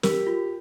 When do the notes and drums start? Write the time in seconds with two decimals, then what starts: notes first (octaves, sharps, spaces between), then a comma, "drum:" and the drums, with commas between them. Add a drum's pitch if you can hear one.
0.03 G4 A#4, drum: snare
0.27 F4